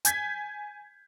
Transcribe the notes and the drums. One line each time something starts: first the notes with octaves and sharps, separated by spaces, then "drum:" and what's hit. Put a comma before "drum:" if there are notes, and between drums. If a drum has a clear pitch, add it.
G#5 G6 G#6 B6, drum: hi-hat